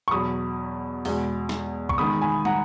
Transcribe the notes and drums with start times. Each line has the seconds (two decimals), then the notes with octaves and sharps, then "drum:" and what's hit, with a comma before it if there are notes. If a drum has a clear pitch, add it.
0.08 C#6
0.11 E2 B2 F#3 B5 D#6
1.05 E2 B2 G#3, drum: open hi-hat
1.49 drum: snare
1.89 C#6, drum: kick
1.98 E2 D#3 G#3 B5 D#6
2.21 G#5 B5
2.45 F#5 A#5, drum: tom